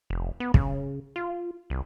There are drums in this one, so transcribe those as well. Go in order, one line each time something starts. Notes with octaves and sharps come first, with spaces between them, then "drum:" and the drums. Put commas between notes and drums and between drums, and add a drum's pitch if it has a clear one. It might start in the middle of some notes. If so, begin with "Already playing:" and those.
F1
B3
C#3, drum: kick
F4
C2